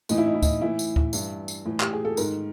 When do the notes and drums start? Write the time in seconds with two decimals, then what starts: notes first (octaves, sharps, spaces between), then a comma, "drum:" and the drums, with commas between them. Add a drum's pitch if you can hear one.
0.09 A2 E3 D#4, drum: tambourine
0.18 E4
0.26 D#4
0.34 E4
0.42 D#4, drum: kick, tambourine
0.61 A2 E3 E4
0.79 drum: tambourine
0.96 drum: kick
1.13 G2 E3, drum: tambourine
1.48 drum: tambourine
1.66 A2 E3
1.80 G4, drum: clap
1.93 G#4
2.05 A4
2.17 G#2 D#3 A#4, drum: tambourine